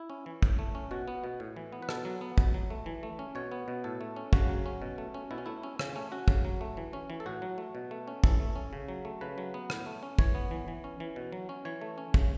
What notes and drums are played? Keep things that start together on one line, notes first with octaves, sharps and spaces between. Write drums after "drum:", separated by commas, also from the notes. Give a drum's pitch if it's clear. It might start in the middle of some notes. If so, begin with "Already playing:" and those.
Already playing: E4
C#4
E3
A2, drum: kick
A3
C#4
B2 F#4
B3
B2
A2
E3
B3
B4
B2 A4, drum: rim click
F#3
B3
B2, drum: kick
F#3
A3
E3
A3
C#4
B2 C#5
B3
B2
A2 A4
A3
C#4
C#3 F#4, drum: kick
F#3
C#4
B2
A3
C#4
B2 E4
C#4
A3 E4
C#4
C#3 C#4, drum: rim click
A3 C#4
C#4 F#4
C#3, drum: kick
F#3
A3
E3
C#4
E3
A4
A2 F#4
F#3
A3
B2
A3
C#4
E3 A4, drum: kick
A3
C#4
C#3
F#3
A3
C#3 B4
F#3
B3
A2, drum: rim click
A3
C#4
E3 C#5, drum: kick
B3
E3
E3
C#4
E3
B2
F#3
C#4
E3 C#5
A3
C#4
C#3, drum: kick